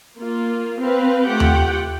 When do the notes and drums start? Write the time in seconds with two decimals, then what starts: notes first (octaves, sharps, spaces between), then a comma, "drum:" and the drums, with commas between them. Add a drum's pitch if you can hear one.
0.18 A#3 F4
0.81 C4 B4 F5
1.27 A3 F4 G4 F#5 G5
1.40 drum: tom D#2